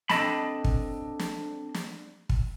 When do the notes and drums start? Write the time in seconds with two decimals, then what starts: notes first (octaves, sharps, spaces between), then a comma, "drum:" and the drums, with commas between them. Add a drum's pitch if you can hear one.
0.09 C4 D4 A4 D#5 A5 B5, drum: snare
0.64 drum: kick
1.19 drum: snare
1.74 drum: snare
2.29 drum: kick